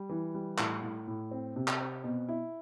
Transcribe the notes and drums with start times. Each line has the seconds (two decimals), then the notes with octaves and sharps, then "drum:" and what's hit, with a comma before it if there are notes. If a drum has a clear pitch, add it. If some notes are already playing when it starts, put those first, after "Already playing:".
Already playing: G3
0.09 E3
0.35 G3
0.58 A2, drum: clap
0.82 A2
1.07 A2
1.31 C4
1.56 C3
1.68 drum: clap
1.80 C4
2.04 B2
2.29 E4